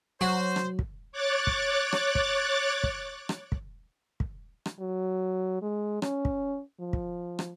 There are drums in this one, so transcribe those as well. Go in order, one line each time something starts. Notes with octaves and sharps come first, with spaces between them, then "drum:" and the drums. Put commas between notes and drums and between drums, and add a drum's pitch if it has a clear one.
F#3 F#4 C5
drum: rim click
drum: kick
C#5 D6 F#6 A6
drum: kick
drum: rim click
drum: kick
drum: kick
drum: rim click
drum: kick
drum: kick
drum: rim click
F#3
G#3
C#4, drum: rim click
drum: kick
F3
drum: kick
drum: rim click